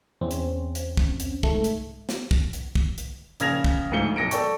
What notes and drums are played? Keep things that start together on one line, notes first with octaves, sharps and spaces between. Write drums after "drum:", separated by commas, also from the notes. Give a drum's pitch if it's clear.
E2 C4 C#4
drum: hi-hat
drum: hi-hat
drum: kick
drum: hi-hat
C2 G#2 A3, drum: kick
drum: hi-hat
drum: snare
drum: kick
drum: hi-hat
drum: kick
drum: hi-hat
A#1 C#3 G#6 A#6 F7, drum: hi-hat
drum: kick
D2 G#2 F3 C#7 G7
B1 A#6 C#7 D7
A4 D5 G5 C#6, drum: hi-hat